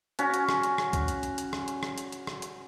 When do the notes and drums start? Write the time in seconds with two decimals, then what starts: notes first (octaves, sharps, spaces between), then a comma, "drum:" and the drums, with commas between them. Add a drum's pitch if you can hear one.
0.19 C#4 F#4, drum: hi-hat
0.34 drum: hi-hat
0.49 drum: rim click
0.63 drum: hi-hat
0.78 drum: rim click
0.93 drum: kick, hi-hat
1.08 drum: hi-hat
1.23 drum: hi-hat
1.38 drum: hi-hat
1.53 drum: rim click
1.68 drum: hi-hat
1.83 drum: rim click
1.98 drum: hi-hat
2.12 drum: hi-hat
2.27 drum: rim click
2.42 drum: hi-hat